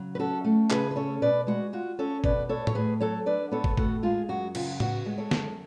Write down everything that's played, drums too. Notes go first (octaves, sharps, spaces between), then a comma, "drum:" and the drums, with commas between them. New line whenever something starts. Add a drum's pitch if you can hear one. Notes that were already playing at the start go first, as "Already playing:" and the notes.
Already playing: C#3 F#3
B4
C#4 F#4 A4
A3
C#3 G#4 B4, drum: clap
B4
C#4 A4 C#5
B2 B4 D5
G#3 F#4
F4 F#4
C#4 A4 C#5
B2 B4 D5, drum: kick
B3 A4 C#5
C#5, drum: tom A2
A2 G#4 B4
F#3 A4 C#5
D4 B4 D5
B3 A4 C#5
drum: kick
A2 F#4 A4, drum: kick
G#3 F4 G#4
F#2 F#4
C#3 F4, drum: cymbal
B3 F#4, drum: tom A2
G#3
A4 C#5
F#2, drum: snare